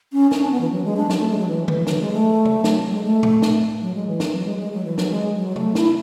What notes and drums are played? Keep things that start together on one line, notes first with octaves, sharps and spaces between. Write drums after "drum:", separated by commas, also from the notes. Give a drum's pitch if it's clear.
C#4
C#4, drum: snare
D4
B3
E3
F#3
G#3
D4
F#3, drum: snare
A3
G#3
F#3
E3
E3, drum: tom
F#3, drum: snare
G#3
A3
drum: tom C3
F#3, drum: snare
G#3
A3
drum: tom A2
drum: snare
F#3
G#3
E3
drum: snare
F#3
G#3
G#3
F#3
E3
F#3, drum: snare
G#3
F#3
A3, drum: tom C3
E4, drum: snare